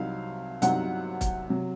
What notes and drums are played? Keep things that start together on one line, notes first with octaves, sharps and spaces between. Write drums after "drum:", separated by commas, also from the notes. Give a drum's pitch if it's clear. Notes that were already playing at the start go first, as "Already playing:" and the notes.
Already playing: C2 C3 F#3 C4 D#4 F5
C2 C3 F#3 C4 D#4 F#5, drum: hi-hat
drum: kick, hi-hat
C3 F#3